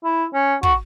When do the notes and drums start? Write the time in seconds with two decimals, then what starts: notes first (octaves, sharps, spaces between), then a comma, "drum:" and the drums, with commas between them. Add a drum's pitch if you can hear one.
0.04 E4
0.34 C#4
0.63 F#4, drum: kick